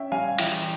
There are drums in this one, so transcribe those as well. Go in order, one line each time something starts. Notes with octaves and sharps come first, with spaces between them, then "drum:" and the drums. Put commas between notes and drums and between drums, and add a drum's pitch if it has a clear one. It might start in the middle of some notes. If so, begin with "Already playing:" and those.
Already playing: C#4 E5 G5
G3 F5 G#5
E3 E5 G5, drum: cymbal